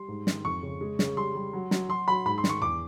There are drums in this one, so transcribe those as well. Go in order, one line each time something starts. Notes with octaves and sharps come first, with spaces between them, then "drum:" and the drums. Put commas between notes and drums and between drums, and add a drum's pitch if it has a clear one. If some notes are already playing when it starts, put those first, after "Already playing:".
Already playing: G3 C6
G#2
D#3, drum: snare
F2 C#6
C#3
G#3
C#3, drum: snare
G3 C6
G3
F#3
F#3, drum: snare
F#3 C6
F#3 B5
G#2 B5
C6
D#3, drum: snare
C#6
E2 D6